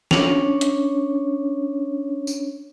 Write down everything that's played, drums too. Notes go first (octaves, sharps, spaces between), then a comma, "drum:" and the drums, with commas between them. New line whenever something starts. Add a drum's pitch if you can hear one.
C#4 D4 C#5, drum: snare
drum: hi-hat
drum: tambourine